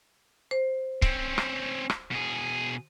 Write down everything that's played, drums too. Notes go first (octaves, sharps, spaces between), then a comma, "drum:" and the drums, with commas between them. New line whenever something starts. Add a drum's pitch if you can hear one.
C5
C4 C#4, drum: kick C#1
drum: rim click
drum: rim click
B2 G#4